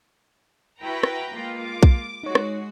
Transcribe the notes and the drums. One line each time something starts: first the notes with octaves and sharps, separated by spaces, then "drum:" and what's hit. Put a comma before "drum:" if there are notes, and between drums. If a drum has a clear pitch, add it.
E4 F#4 B4 G5 A#5
drum: rim click
G#3 A#3 F4
D6
drum: kick B1
G#3 D#4 F#4 C#5
drum: rim click